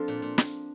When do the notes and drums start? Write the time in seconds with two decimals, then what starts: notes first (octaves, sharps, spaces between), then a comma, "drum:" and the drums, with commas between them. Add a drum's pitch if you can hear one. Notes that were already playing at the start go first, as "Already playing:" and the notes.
Already playing: F3 C4 D4 F4 A4
0.08 A#2
0.22 A#2
0.38 drum: snare